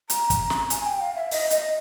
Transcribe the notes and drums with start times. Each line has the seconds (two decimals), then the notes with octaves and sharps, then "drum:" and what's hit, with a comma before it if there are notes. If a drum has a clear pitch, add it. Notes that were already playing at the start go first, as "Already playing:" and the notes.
0.10 A#5, drum: hi-hat
0.30 drum: kick, hi-hat
0.50 drum: snare
0.70 G#5, drum: hi-hat
0.85 G5
1.01 F5
1.15 E5
1.31 D#5, drum: open hi-hat
1.50 D#5, drum: hi-hat